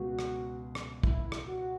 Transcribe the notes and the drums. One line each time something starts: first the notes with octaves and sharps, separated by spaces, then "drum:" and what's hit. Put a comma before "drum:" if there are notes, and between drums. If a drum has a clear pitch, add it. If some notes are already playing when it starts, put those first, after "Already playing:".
Already playing: C#2 B2 G#3 B3 F#4 G#4
drum: rim click
drum: rim click
E4, drum: kick
drum: rim click
F#4